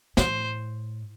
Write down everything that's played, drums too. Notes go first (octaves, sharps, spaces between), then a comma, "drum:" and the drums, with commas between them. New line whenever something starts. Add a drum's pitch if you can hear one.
A2 C5, drum: snare